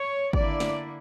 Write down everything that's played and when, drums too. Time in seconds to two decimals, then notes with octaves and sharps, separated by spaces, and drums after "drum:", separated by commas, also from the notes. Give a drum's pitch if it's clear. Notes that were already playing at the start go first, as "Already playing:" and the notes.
Already playing: C#5
0.33 D3 A#3 E4 D5, drum: kick G#1
0.60 drum: snare